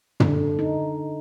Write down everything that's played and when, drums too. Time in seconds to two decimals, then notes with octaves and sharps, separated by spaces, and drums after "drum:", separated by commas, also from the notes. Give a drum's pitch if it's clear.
0.20 D3, drum: tom
0.59 D#4